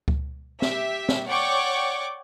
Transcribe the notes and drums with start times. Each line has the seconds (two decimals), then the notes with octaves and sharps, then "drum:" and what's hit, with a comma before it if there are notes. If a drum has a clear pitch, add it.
0.08 drum: kick C#2
0.62 G4 E5, drum: snare
1.09 drum: snare
1.27 C#5 D5 F#5 G5 C#6 D6